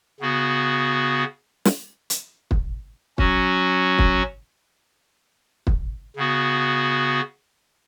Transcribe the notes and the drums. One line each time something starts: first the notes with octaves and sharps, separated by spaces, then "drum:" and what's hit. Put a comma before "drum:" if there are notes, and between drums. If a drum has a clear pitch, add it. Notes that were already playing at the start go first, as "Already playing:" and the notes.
C#3 B3 F#4
drum: snare
drum: hi-hat
drum: kick
F#3 C#4 F#4, drum: kick
drum: kick
drum: kick
C#3 B3 F#4